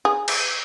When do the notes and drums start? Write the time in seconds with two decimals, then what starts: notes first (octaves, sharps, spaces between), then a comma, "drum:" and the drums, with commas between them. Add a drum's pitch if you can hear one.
0.05 G#4
0.28 drum: cymbal